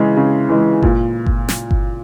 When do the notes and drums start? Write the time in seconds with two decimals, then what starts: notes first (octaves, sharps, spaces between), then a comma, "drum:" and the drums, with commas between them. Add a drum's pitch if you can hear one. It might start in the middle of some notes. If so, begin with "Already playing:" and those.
Already playing: C#3 E3 G#3
0.17 C#3
0.49 E3 G#3
0.83 A#2, drum: kick G1
1.26 drum: kick G1
1.49 drum: snare
1.71 drum: kick G1